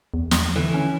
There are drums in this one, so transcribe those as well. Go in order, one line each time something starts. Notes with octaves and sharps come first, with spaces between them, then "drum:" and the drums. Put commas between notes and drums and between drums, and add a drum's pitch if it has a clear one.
E2
drum: snare
D3 E3
C#4